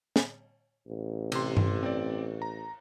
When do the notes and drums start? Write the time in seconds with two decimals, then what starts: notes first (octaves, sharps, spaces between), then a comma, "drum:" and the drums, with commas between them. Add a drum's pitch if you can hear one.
0.16 drum: snare
0.87 A1
1.32 C3 C6, drum: cymbal
1.57 drum: tom G2
1.83 C4 D5
2.42 A#5